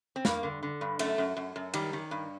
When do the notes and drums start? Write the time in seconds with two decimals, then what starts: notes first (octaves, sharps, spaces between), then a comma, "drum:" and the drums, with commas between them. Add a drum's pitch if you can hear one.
0.16 C4
0.25 G2 A#3, drum: snare
0.43 D3
0.63 D3
0.81 G2
0.99 F#2 A3, drum: cymbal
1.18 F#2
1.37 F#2
1.56 F#2
1.74 D#3 G3, drum: cymbal
1.93 D#3
2.11 G2